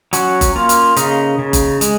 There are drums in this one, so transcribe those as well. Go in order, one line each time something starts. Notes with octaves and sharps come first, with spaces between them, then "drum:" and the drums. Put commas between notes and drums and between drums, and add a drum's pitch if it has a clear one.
F#3 C#4 F#4, drum: hi-hat
drum: kick F#1, hi-hat
A#3 F4
drum: hi-hat
C#3 D#4, drum: hi-hat
C#3
drum: kick F#1, hi-hat
G#3, drum: hi-hat